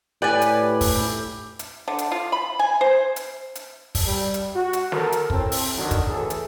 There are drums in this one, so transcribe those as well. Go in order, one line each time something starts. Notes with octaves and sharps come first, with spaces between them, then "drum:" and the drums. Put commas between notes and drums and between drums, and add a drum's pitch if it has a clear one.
A2 G4 B4 D5 G#5
drum: hi-hat
drum: kick, open hi-hat
drum: hi-hat
D3
drum: hi-hat
F4
B5
G#5
C5
drum: hi-hat
drum: hi-hat
drum: kick, open hi-hat
G3
drum: hi-hat
F#4
drum: hi-hat
A4 A#4, drum: snare
drum: hi-hat
A2 C4, drum: kick
drum: open hi-hat
D3 D#3 F#3
drum: kick, hi-hat
A2 E3 G#4 A4
drum: hi-hat